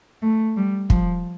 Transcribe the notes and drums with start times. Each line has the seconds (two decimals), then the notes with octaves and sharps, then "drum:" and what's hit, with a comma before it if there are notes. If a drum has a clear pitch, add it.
0.22 A3
0.57 G3
0.90 F3, drum: kick